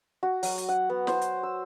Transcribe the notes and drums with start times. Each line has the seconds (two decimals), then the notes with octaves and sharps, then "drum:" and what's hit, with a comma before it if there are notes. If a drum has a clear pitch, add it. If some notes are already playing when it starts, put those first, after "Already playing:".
0.23 F#4
0.43 F#3, drum: open hi-hat
0.58 drum: hi-hat
0.69 F#5
0.90 B3
1.07 C5, drum: snare
1.21 drum: hi-hat
1.43 E6